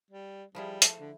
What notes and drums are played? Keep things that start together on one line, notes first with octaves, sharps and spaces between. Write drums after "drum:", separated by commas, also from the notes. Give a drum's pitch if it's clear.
G3
F3 G3 E4 G#4
A3, drum: hi-hat
D3